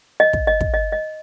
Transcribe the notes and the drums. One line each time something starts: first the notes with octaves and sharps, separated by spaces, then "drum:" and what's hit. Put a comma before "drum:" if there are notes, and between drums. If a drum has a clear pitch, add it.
D#5
drum: kick
D#5
drum: kick
D#5
D#5